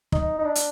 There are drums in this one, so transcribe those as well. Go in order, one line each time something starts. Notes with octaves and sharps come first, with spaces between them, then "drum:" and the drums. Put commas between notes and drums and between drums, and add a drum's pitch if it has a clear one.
D#4, drum: kick
D#4
D4
drum: hi-hat